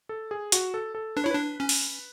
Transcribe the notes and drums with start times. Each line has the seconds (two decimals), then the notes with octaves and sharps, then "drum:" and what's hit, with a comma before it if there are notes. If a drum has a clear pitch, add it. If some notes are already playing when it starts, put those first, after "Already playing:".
0.09 A4
0.31 G#4
0.52 F#4, drum: hi-hat
0.74 A4
0.95 A4
1.17 D4 B4
1.24 E4 C#5
1.31 D4 B4
1.60 C#4
1.69 drum: open hi-hat